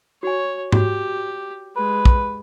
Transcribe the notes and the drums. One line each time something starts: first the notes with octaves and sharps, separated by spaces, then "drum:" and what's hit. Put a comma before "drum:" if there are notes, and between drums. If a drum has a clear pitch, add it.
F#4 C#5 G#5
F#4 G4, drum: tom G#2
G#3 B4
drum: kick